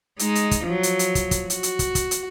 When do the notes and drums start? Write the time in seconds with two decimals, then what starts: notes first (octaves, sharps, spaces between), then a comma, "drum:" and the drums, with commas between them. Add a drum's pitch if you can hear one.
0.19 G#3 D#4, drum: hi-hat
0.35 drum: hi-hat
0.51 drum: kick, hi-hat
0.64 F3 F#3
0.83 drum: hi-hat
0.99 drum: hi-hat
1.15 drum: kick, hi-hat
1.31 drum: kick, hi-hat
1.50 F#4, drum: hi-hat
1.63 drum: hi-hat
1.79 drum: kick, hi-hat
1.95 drum: kick, hi-hat
2.11 drum: hi-hat